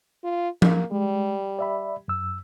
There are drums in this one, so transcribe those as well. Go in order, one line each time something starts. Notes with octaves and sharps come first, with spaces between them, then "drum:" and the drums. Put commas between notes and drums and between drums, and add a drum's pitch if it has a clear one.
F4
A#3, drum: tom F3
G3 G#3
D5 E5 B5
F#2 E6